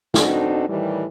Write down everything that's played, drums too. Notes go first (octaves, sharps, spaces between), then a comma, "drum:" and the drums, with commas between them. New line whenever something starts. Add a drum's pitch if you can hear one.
B2 C4 D4 D#4 F#4 A4, drum: snare
A2 D#3 E3 G3